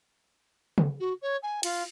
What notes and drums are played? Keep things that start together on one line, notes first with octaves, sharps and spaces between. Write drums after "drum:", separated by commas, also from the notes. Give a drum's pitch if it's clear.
drum: tom C#3
F#4
C#5
G#5
F4, drum: cymbal